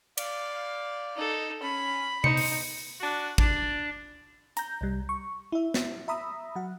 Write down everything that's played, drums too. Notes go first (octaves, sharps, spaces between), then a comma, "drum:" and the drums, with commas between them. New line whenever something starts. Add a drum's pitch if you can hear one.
D5 F5, drum: cymbal
D#4 A4
C#4 B5
D#4 C5 C#7, drum: tom C3
drum: open hi-hat
D4 F#4
D4, drum: kick
A#5 G6, drum: hi-hat
C2 G3
C#6
E4 E5
drum: snare
E5 A#5 B5 D#6 E6
F#3 F#5